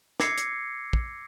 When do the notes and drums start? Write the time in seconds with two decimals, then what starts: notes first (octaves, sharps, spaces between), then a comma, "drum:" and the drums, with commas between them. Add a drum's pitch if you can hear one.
0.20 D6 E6 G#6 A#6 C7 C#7, drum: snare
0.37 drum: hi-hat
0.93 drum: kick